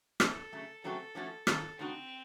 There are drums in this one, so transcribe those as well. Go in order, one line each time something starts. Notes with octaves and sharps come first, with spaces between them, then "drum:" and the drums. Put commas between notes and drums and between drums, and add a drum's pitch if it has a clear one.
A2 F3 A3 C#4 A4, drum: rim click
C#3 F#3 A3
C#3 F#3 A3 C4 F#4 A4
F3 A3 C#4 F#4
D#3 A#3 F4 A4, drum: rim click
C#3 A3 C4 D#4 F#4